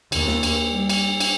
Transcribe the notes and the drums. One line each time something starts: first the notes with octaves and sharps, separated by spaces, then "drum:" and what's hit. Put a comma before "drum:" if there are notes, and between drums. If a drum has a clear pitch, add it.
D#2, drum: cymbal
drum: snare
drum: cymbal
G3
drum: cymbal
drum: cymbal